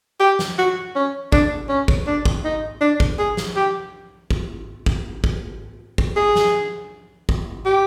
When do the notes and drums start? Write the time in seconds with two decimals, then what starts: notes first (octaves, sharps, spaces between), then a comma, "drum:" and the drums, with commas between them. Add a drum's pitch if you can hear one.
0.20 G4
0.39 drum: snare
0.58 F#4
0.95 C#4
1.32 D4, drum: kick
1.69 C#4
1.88 drum: kick
2.07 D4
2.25 drum: kick
2.44 D#4
2.81 D4
3.00 drum: kick
3.19 G#4
3.37 drum: snare
3.56 G4
4.31 drum: kick
4.86 drum: kick
5.24 drum: kick
5.98 drum: kick
6.16 G#4
6.36 drum: snare
7.29 drum: kick
7.65 G4